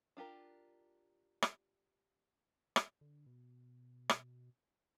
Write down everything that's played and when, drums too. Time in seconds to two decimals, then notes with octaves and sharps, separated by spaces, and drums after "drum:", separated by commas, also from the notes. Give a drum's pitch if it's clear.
0.17 D4 F4 G4 A#4
1.42 drum: rim click
2.76 drum: rim click
3.01 D3
3.26 B2
4.09 drum: rim click